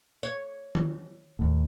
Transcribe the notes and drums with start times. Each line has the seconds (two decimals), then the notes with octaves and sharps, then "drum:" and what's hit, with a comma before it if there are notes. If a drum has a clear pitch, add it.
0.23 C#5
0.75 drum: tom D#3
1.39 D#2 A2